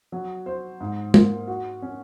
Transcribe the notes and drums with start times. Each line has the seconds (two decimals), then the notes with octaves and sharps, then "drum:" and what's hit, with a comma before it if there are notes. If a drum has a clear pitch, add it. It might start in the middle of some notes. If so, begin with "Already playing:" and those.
0.12 F#3
0.46 C5
0.81 G#2
1.14 A#3, drum: tom
1.47 F#4
1.82 C#4